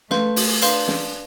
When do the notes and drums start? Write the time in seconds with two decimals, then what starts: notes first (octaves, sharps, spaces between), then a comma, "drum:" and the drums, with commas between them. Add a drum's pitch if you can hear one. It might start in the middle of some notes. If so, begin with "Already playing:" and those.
0.11 A3 B4 F5 C6 G6, drum: snare
0.36 drum: open hi-hat
0.61 D4 B4 F5 C6 G6, drum: hi-hat
0.88 drum: snare